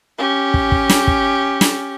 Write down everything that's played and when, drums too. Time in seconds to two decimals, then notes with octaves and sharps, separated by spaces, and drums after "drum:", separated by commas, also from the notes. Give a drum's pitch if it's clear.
0.18 C#4 G4
0.54 drum: kick
0.72 drum: kick
0.90 drum: snare
1.07 drum: kick
1.61 drum: snare